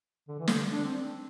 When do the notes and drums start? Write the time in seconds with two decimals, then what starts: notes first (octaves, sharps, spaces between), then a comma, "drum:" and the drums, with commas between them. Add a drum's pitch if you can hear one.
0.28 D3
0.39 E3
0.48 D3, drum: snare
0.72 D4
0.84 C4